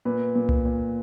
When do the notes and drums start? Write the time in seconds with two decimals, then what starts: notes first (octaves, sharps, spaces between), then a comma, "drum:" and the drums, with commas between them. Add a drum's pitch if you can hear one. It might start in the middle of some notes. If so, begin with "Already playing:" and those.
0.05 A#2 B4
0.35 A#2
0.49 drum: tom C2
0.65 A#2